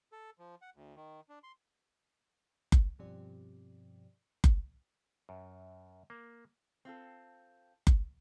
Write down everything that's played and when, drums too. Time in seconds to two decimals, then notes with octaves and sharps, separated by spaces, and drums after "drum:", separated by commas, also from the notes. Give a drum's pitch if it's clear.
0.12 A4
0.39 F3
0.62 F#5
0.75 D2
0.96 D#3
1.29 D4
1.44 C6
2.72 drum: kick F#1
2.99 G2 B2 F3 C4 G4 D5
4.44 drum: kick F#1
5.29 F#2
6.10 A#3
6.85 C4 F4 A4
7.87 drum: kick F#1